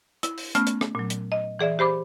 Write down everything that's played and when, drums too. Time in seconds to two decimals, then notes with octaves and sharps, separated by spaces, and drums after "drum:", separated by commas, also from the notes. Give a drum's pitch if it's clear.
0.23 E4, drum: hi-hat
0.38 drum: open hi-hat
0.55 A3 B3 C#4 F6, drum: hi-hat
0.67 drum: hi-hat
0.81 drum: rim click
0.95 A#2 F#3
1.10 drum: hi-hat
1.32 D#5
1.59 E3 G#4 D5 E5
1.79 G4 C5 B5 D6